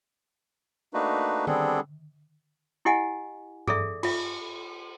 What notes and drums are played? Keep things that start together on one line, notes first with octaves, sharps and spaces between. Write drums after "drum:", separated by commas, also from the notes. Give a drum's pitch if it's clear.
A3 A#3 D4 D#4 F#4 B4
G3 B3 C4 D4 G#4 A4, drum: tom D3
E4 G4 D#5 F#5 G#5
G#4 A4 D5 E5, drum: tom G2
F4 E5, drum: cymbal